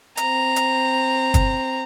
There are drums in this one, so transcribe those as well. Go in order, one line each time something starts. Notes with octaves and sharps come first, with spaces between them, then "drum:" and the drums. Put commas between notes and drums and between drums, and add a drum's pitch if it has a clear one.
C4 A#5, drum: hi-hat
drum: hi-hat
drum: kick, hi-hat